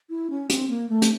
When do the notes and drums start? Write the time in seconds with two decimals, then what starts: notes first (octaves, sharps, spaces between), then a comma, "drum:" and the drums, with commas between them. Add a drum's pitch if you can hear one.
0.10 E4
0.30 C#4
0.50 C4, drum: hi-hat
0.69 A#3
0.89 A3
1.02 drum: hi-hat